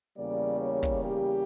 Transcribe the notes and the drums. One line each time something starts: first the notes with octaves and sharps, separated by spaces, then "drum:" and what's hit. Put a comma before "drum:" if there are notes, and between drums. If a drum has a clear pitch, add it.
E2 C#3 G3 A#3 D5
C#5
drum: kick, hi-hat
G4